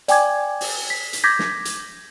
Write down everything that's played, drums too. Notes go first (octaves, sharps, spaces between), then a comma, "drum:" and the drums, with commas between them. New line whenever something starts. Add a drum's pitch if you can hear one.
D5 G5 G#5 D6 G#6, drum: hi-hat
drum: open hi-hat
B6
drum: hi-hat
D6 G6 G#6 A#6 B6
drum: snare
drum: hi-hat